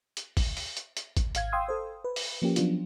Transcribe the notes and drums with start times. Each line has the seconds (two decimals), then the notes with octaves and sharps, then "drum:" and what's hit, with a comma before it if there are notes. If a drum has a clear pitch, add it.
0.17 drum: hi-hat
0.37 drum: kick, open hi-hat
0.57 drum: open hi-hat
0.77 drum: hi-hat
0.97 drum: hi-hat
1.17 drum: kick, hi-hat
1.35 G#1 F5 G#6, drum: hi-hat
1.52 F5 G5 C6 D#6 E6
1.69 A4 C5
2.04 B4
2.16 drum: open hi-hat
2.42 F3 A#3 C#4 G4
2.56 F3 F#3 B3 D4 F4, drum: hi-hat